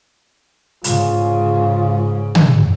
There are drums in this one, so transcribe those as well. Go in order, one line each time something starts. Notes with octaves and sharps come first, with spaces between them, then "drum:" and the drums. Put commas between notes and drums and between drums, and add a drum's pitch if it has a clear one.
G#2 C#3 F4, drum: hi-hat
drum: tom